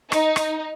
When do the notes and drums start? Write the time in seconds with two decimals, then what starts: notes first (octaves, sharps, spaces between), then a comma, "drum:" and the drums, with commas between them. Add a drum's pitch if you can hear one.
0.12 D#4, drum: rim click
0.36 drum: rim click